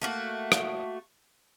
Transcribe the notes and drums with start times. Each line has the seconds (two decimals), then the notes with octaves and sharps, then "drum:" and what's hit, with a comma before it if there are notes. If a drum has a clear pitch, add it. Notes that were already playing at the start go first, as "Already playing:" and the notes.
0.02 A3 A#3 F#4
0.52 drum: rim click